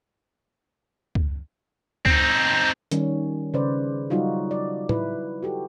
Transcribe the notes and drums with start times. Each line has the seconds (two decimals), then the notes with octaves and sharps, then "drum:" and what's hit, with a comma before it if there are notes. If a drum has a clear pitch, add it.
1.15 drum: kick C#2
2.06 C4 D#4, drum: kick C#2
2.91 D#3 G3 C#4, drum: hi-hat
3.54 C#3 B4 C5 D5
4.10 F#3 G3 D#4 F4 F#4
4.51 D5
4.89 E4 B4, drum: tom A2
5.43 F#4 G4 A4